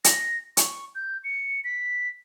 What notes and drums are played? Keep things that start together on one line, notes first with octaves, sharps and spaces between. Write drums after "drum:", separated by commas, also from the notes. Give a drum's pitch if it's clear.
A#6, drum: hi-hat
C#6, drum: hi-hat
G6
C#7
B6